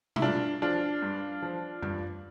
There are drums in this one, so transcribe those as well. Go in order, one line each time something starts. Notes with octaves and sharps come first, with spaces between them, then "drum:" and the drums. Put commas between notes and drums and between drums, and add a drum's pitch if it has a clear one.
E4, drum: tom
G2 D4 F4
F3 D4 F4
G2
F3
G2, drum: tom F#2